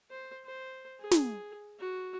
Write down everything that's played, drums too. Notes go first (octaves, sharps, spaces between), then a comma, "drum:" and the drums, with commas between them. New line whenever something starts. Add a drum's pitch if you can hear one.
C5
C5
G#4
drum: snare
F#4